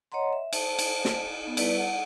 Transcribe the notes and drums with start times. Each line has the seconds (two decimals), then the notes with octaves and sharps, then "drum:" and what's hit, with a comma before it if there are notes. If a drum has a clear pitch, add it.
0.12 C#5 D#5 F#5 A#5 C6
0.33 E5
0.53 C5 A5, drum: cymbal
0.79 drum: cymbal
1.05 drum: snare
1.43 B3 D#4
1.57 G3 E4 B4 D5, drum: cymbal
1.77 F#5